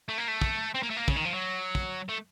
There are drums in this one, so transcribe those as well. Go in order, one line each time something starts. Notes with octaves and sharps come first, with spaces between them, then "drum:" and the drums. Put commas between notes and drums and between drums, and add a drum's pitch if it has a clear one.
A3
A#3
A3
drum: kick
C4
A#3
A3
A#3
C#3, drum: kick
D#3
F3
F#3
drum: kick
A3